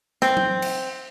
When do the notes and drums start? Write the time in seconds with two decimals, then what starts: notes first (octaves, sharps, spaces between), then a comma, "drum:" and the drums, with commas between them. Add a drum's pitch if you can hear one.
0.22 C4, drum: snare
0.37 drum: tom F#3
0.62 drum: cymbal